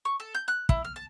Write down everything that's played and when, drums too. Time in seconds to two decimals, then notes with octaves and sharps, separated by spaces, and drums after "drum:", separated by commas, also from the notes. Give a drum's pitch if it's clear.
0.05 C#6
0.20 A4
0.35 G6
0.48 F#6
0.69 E4, drum: kick
0.85 F6
0.96 A5